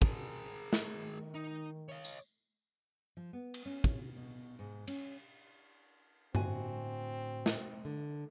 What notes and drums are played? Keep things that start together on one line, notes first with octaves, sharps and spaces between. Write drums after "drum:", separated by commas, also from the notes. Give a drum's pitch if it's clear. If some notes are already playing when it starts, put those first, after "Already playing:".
G#4 A#4, drum: kick
drum: snare
D#3
D#4
C#5 D#5
drum: tambourine
F3
B3
drum: cymbal
C#4
drum: kick
B2
G#2
C#4, drum: cymbal
A2 D3 C4 F#4 G#5, drum: tom G2
drum: snare
D3